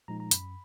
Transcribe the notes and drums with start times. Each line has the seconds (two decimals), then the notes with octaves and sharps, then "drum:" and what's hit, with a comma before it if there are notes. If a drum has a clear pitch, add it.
0.08 A#2 F3 G#3 D#4 A#5
0.20 A#5
0.31 F#2 B5, drum: hi-hat